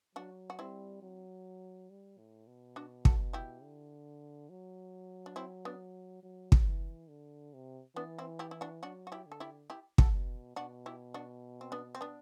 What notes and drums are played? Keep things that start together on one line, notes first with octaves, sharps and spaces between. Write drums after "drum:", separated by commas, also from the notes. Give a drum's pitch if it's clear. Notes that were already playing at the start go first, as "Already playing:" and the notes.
F#3 D4 F#4
F#4
G3 C4 E4
F#3
G3
A2
B2
D4 F#4
F#4 A4, drum: kick
E4 G4
D3
F#3
D4
C4 E4
B3 D4
F#3
drum: kick
E3
D3
C3
E3 B3 D4
C4 E4
E4 G4
E4
D4 F#4
F#3 D4 F#4
F#4
E4 G4
D3
A4
E4 G4
E4 G4
F#4 A4, drum: kick
B2
B2 D4 F#4
E4 G4
D4 F#4
C4
B3 D4
C4
B3 D4